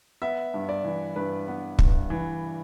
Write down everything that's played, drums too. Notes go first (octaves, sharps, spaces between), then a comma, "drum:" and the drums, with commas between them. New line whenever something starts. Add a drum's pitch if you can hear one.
B3 E5
G2
D5
E3
G2 B4
B3
G2, drum: kick
E3